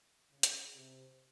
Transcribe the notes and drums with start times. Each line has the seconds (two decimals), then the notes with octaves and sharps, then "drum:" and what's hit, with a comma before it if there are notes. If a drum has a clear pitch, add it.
0.31 C#3
0.43 drum: hi-hat
0.75 C3